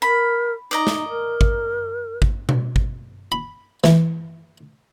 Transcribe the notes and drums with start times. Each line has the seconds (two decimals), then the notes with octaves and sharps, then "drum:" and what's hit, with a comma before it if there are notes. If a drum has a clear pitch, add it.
0.02 A#4 B5
0.71 D#4 D5 D#5 A#5
0.87 drum: snare
1.09 A#4
1.41 drum: kick G#1
2.22 drum: kick G#1
2.49 drum: tom B2
2.76 drum: kick G#1
3.32 B5
3.84 E3, drum: snare